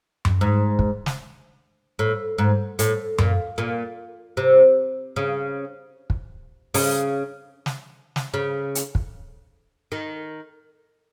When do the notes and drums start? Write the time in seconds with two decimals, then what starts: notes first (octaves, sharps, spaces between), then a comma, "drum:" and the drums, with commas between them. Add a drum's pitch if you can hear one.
0.25 drum: tom F#2
0.41 G#2
0.79 drum: kick
1.06 drum: snare
1.99 A2
2.38 G#2
2.79 A2, drum: hi-hat
3.18 A#2, drum: tom F#2
3.58 A#2
4.37 C3
5.16 C#3
6.10 drum: kick
6.74 C#3, drum: open hi-hat
7.66 drum: snare
8.16 drum: snare
8.34 C#3
8.75 drum: hi-hat
8.95 drum: kick
9.92 D#3